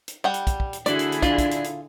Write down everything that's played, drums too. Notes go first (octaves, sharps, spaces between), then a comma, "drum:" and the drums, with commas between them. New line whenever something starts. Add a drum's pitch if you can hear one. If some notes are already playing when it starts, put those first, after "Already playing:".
drum: hi-hat
G3 F#5 G5
drum: hi-hat
drum: kick, hi-hat
drum: kick
drum: hi-hat
D3 A3 D4 E4 F#4 G#4 D5, drum: hi-hat
drum: hi-hat
drum: hi-hat
D4 D#4 F4, drum: kick, hi-hat
drum: kick, hi-hat
drum: hi-hat
drum: hi-hat